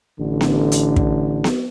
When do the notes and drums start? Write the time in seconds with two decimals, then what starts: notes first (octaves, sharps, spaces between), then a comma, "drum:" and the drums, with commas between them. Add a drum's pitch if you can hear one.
0.20 A1 D3
0.41 drum: snare B3
0.72 drum: hi-hat
0.96 drum: kick
1.44 drum: snare B3